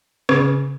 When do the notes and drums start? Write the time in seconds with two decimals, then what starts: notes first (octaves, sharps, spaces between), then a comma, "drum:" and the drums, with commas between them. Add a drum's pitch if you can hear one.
0.29 C#3, drum: rim click